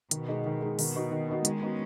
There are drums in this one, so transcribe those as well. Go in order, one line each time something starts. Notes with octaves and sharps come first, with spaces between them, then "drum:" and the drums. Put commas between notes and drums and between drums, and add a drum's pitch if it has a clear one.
B2 D#3, drum: hi-hat
G#3 D#4
D#3
G#3 D#4
B2 D#3, drum: open hi-hat
B3 D#4 F#4
D#3
B3 D#4 F#4
D#3 G#3 C#4, drum: hi-hat
B3 D#4 F#4